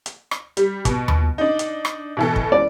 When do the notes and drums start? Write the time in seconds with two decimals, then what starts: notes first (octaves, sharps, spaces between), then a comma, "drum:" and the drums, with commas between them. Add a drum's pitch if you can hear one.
0.06 drum: hi-hat
0.31 drum: rim click
0.57 G3, drum: hi-hat
0.85 B2, drum: kick, hi-hat
1.08 drum: tom D#2
1.38 D4 D#4
1.59 drum: hi-hat
1.85 drum: rim click
2.17 B2 E3 A4
2.36 drum: kick
2.52 D5